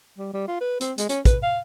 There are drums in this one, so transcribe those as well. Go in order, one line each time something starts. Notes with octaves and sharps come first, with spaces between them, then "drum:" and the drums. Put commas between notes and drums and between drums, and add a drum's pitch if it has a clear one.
G3
G3
F4
B4
C4, drum: hi-hat
G#3, drum: hi-hat
C#4, drum: hi-hat
B4, drum: kick, hi-hat
F5